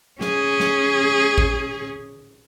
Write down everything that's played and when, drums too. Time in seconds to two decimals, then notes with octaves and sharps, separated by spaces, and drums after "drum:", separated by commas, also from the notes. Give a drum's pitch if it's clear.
0.21 C#4 G#4, drum: snare
0.60 drum: snare
1.38 drum: kick A1